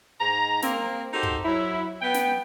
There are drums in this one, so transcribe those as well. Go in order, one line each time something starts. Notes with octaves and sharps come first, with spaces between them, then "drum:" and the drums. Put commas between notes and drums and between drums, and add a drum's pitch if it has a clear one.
G#2 A#5
A#3 C4, drum: snare
D#4 F#4 G4 A4 C5
drum: kick
F#3 E4
B3 G5
drum: snare